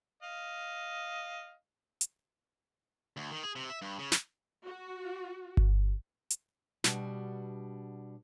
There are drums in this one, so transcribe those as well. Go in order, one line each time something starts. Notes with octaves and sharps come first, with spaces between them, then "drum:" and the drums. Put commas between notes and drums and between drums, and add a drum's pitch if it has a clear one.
D#5 F5
drum: hi-hat
D2
D#3
G#4
C3
E5
G2
C#3
drum: snare
F#4
drum: kick G1
drum: hi-hat
B2 G3 D4 F#4, drum: snare